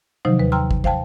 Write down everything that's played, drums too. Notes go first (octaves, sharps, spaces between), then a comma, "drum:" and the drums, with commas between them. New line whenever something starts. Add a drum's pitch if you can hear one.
C3 D#3 F3 F#3 D#4 C5
D#2 B4
G5 A#5 C6 E6 F6
drum: kick
C5 F5 G5 A5, drum: kick